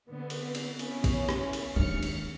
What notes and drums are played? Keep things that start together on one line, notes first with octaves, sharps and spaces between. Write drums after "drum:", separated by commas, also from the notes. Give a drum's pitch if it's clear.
D3 B3 C4
drum: cymbal
drum: cymbal
B3 C#4 E4, drum: cymbal
drum: kick, cymbal
drum: rim click
drum: cymbal
D#2 C4 D4 F6 C#7, drum: tom G#3
drum: cymbal